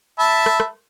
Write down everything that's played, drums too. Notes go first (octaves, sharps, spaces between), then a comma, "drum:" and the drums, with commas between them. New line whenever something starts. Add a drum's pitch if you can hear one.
E5 A5 B5
drum: rim click
drum: rim click